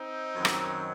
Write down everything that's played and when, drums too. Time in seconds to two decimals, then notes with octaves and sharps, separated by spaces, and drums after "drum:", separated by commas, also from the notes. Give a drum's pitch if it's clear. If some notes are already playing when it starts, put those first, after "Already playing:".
Already playing: C4 D#4
0.35 F#2 D#3 F#3
0.45 drum: rim click